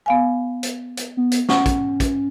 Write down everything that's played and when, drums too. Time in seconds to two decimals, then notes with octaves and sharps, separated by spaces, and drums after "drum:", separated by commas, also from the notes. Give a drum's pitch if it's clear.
0.06 B3 F5 G#5
0.63 drum: hi-hat
0.97 drum: hi-hat
1.17 B3
1.31 drum: hi-hat
1.49 C#4 F#5 C#6, drum: snare
1.66 drum: kick, hi-hat
2.00 drum: kick, hi-hat